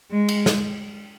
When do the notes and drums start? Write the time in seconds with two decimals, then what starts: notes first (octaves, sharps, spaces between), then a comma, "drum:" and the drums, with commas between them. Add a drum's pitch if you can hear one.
0.11 G#3
0.29 drum: cymbal
0.46 drum: snare